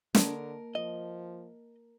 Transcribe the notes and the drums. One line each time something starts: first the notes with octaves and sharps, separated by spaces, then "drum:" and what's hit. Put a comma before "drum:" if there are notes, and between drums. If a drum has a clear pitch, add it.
D3 A#3 A#4 A5, drum: snare
F3 D#5